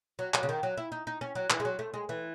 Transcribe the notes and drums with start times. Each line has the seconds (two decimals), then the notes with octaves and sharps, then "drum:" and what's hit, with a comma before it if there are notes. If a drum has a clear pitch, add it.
0.19 F#3
0.34 F#3, drum: clap
0.43 C#3
0.49 D#3
0.63 F#3
0.77 E4
0.92 D#4
1.07 D#4
1.21 C#4
1.35 F#3
1.50 E3, drum: clap
1.60 G#3
1.65 F#3
1.79 A3
1.94 G#3
2.09 E3